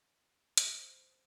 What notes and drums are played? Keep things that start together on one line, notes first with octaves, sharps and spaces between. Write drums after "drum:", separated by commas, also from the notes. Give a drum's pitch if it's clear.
drum: hi-hat
C5